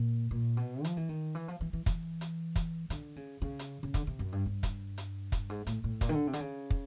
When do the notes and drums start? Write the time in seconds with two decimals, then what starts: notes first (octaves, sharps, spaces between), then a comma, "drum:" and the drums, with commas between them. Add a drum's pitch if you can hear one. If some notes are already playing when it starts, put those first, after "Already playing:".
Already playing: A#2
0.31 A#2
0.57 B2
0.84 F3, drum: hi-hat
0.97 E3
1.09 D#3
1.35 E3
1.48 F3
1.61 E3
1.73 E3
1.86 E3, drum: kick, hi-hat
2.21 drum: hi-hat
2.56 drum: kick, hi-hat
2.90 D3, drum: hi-hat
3.16 C#3
3.42 C#3
3.59 drum: hi-hat
3.83 C#3
3.94 D3, drum: kick, hi-hat
4.07 C3
4.19 F#2
4.32 G2
4.46 G2
4.63 drum: kick, hi-hat
4.98 drum: hi-hat
5.32 drum: kick, hi-hat
5.50 G#2
5.67 A2, drum: hi-hat
5.84 A2
6.01 A#2, drum: kick, hi-hat
6.09 D#3
6.14 D3
6.27 C3
6.33 D3, drum: hi-hat
6.40 C#3
6.70 drum: kick